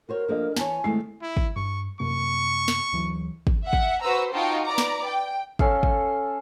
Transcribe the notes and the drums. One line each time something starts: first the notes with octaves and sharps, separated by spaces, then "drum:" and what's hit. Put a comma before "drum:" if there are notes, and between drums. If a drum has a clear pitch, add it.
F#4 A#4 C5 C#5
F3 A#3 D4 A4 D#5
E3 C#5 G#5 A5, drum: snare
D#3 G#3 A3 C4 E4 C7
E4
drum: kick
G2 C#6
F#2 C3 A#3 C#6
drum: snare
D2 E3 F#3
drum: kick
E5 F#5
drum: kick
F#4 B4 C5 A#5 E6
D#4 F4 F#4 G5 A5
B4 D5 A#5 D6
drum: snare
G5
C#4 A4 F5, drum: kick
drum: kick